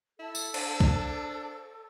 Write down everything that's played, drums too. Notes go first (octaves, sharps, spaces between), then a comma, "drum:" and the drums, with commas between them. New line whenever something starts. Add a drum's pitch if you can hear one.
E4 A4
drum: tambourine
D4 C5, drum: cymbal
drum: kick C2